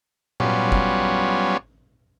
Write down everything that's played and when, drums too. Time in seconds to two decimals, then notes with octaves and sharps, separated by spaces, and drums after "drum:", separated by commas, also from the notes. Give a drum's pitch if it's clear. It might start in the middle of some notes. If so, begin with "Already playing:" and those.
0.40 F#3 G3 B3 C#4 F4, drum: tom A#2
0.72 drum: kick